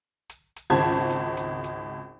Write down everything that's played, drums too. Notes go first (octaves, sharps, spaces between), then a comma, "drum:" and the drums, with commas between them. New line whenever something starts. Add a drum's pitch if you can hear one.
drum: hi-hat
drum: hi-hat
G#1 C#2 C5 A5 G#6
drum: hi-hat
drum: hi-hat
drum: hi-hat